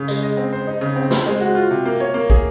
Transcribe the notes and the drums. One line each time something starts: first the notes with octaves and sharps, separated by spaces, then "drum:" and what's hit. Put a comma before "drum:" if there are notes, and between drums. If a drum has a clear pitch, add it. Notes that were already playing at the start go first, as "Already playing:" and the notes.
Already playing: C#3
G#3, drum: tambourine
D#5
C4
C5
D#4
C#3
C4
C5, drum: snare
G#3
F#4
F4
C3
A#3
C#5
A#3
G#4, drum: kick